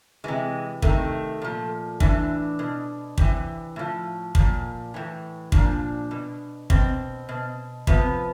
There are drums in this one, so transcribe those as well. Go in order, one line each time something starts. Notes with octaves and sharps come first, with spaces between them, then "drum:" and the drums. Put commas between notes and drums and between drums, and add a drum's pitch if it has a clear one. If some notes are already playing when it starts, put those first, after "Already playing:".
C3 E3 G#3
C3 D#3 A3, drum: kick
A#2 F3
A2 E3 D4, drum: kick
B2
C3 E3, drum: kick
A2 F3
A#2 F3, drum: kick
A2 E3
A#2 F3 D4, drum: kick
B2
B2 C4, drum: kick
B2
C3 F3 B3, drum: kick